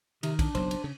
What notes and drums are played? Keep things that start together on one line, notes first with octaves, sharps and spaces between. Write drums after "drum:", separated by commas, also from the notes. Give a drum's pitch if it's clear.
C3 D#3, drum: cymbal
D4, drum: kick B1, cymbal
F#1 B1 F#3 C5, drum: cymbal
drum: cymbal
C#3